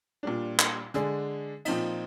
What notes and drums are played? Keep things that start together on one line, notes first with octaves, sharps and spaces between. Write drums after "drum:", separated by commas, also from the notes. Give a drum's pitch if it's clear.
A#2 G3 D4
drum: clap
D3 G#3 D4 G#4, drum: hi-hat
A#2 F3 C4 D#4, drum: cymbal